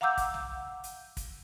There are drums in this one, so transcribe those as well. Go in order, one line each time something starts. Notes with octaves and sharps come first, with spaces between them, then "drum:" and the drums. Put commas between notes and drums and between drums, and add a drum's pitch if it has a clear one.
F5 F#5 A#5 D6 E6 G6
drum: kick, hi-hat
drum: tom B1
drum: hi-hat
drum: kick, hi-hat